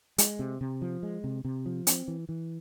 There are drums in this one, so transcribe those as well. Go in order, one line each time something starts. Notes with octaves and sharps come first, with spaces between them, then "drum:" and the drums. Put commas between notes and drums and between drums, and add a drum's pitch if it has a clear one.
G#3, drum: hi-hat
C3
C3
F3
G#3
C3
C3
F3
C4, drum: hi-hat
E3
E3